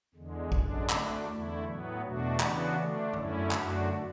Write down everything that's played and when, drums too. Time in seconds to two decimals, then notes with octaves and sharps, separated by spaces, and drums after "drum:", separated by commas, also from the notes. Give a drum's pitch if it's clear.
0.14 E2 D3 G#3
0.52 F#2 D3 G#3 D4, drum: kick A1
0.90 D2 D3 A3 D4, drum: clap
1.27 E2 D3 A3 E4
1.65 A2 F#3 B3
2.02 E2 B2 A3 D4 F#4
2.40 C#3 E3 B3 D4 F#4, drum: clap
2.77 D3 A3 D4
3.14 F#2 D3 A3 C#4 E4, drum: tom G2
3.51 F#2 D3 A3 D4 F#4, drum: clap